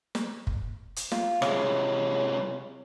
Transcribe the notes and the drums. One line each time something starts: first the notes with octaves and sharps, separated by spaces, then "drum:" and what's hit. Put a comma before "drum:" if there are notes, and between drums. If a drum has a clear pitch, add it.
drum: snare
drum: kick
drum: hi-hat
F4, drum: snare
C3 G#3 C#4, drum: rim click